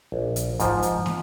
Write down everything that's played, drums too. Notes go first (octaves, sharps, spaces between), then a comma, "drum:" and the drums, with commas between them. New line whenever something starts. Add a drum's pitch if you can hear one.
A#1
drum: hi-hat
G#2 F3, drum: kick F2, hi-hat
drum: hi-hat
drum: snare